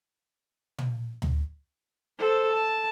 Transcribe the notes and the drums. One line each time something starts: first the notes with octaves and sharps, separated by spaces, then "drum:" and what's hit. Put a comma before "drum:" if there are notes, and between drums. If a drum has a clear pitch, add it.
drum: tom
drum: tom D2
A4 C5
A5